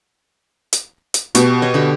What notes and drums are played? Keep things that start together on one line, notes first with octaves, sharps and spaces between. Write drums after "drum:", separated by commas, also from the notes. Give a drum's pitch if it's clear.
drum: hi-hat
drum: hi-hat
B2 F#4 G4, drum: hi-hat
C#5 D#5
D3 G4